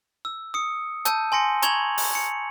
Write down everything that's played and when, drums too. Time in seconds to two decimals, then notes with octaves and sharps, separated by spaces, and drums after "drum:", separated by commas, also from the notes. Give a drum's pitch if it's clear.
0.25 E6
0.54 D#6 C#7
1.05 A5 E6 G6 D#7, drum: hi-hat
1.32 G#5 C6 A#6 C#7
1.62 A#5 C#6 G#6 F7 F#7, drum: hi-hat
1.98 drum: open hi-hat
2.15 C#7